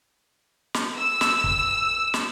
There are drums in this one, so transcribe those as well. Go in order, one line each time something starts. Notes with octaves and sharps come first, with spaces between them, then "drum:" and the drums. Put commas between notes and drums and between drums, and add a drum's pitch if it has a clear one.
drum: snare
E6
drum: snare
drum: kick
drum: snare